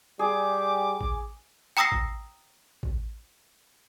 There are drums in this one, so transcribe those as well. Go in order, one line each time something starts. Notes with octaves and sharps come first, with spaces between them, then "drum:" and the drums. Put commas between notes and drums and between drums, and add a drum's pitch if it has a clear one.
G3 G#4 D6
drum: kick A1
G5 A#5 D#6 E6 A#6 C7
drum: kick A1
drum: kick A1